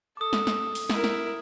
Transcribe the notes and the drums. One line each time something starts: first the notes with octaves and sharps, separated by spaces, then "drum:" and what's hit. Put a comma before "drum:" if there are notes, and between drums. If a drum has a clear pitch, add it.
A4 D6 D#6
drum: snare
drum: snare
drum: open hi-hat
E4 A#4, drum: snare
drum: snare